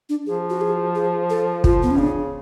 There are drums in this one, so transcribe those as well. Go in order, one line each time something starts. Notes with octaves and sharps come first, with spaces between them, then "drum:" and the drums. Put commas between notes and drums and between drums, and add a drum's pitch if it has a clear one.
D4
F3 G#4
F#4
G#4
G#4
A4
F3 F4, drum: kick
B3
C#4
C#3 D4